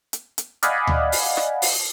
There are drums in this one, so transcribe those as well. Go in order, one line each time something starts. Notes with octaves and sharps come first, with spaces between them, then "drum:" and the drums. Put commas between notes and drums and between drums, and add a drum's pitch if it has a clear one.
drum: hi-hat
drum: hi-hat
D5 D#5 F5 F#5 G#5 B5, drum: hi-hat
drum: tom D2
drum: open hi-hat
drum: snare
drum: open hi-hat